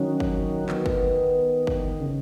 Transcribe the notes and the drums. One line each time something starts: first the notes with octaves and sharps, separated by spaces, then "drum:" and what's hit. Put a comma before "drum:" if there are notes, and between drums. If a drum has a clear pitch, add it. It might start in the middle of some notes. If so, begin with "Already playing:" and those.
Already playing: D#3 F#3 C#4
drum: kick
D#3 B3, drum: clap
drum: kick
drum: kick
C#3